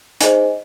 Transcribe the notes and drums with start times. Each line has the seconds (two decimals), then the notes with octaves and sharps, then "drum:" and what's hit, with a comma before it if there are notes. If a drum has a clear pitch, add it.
0.21 D#4 G#4 C5 D#5 G#5, drum: hi-hat